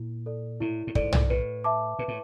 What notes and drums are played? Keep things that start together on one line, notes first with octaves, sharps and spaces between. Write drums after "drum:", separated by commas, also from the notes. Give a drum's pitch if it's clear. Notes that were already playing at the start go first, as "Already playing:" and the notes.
Already playing: A#2 E4
A4 D5
A2 E4
A2
G#2 A4 D5, drum: kick
drum: tom B1
A2 B4
E5 A5 D6
A#2 B4
A2